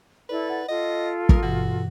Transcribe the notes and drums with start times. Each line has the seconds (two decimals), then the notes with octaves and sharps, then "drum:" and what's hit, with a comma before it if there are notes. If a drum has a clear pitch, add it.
0.29 E4 A4 B4 D5
0.48 F#5 A6
0.68 F4 A4 D#5
1.29 A#4 D#6, drum: kick
1.42 G2 B2 E3 F#4